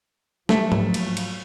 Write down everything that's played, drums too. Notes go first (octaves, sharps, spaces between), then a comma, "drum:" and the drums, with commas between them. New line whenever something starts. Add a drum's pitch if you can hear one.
F3 F#3 A3, drum: snare
drum: tom G#2
drum: cymbal
drum: cymbal